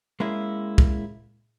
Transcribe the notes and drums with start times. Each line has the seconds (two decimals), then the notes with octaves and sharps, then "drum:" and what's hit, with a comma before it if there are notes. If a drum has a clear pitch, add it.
0.20 G#3 A#3 C#4 E4
0.78 drum: kick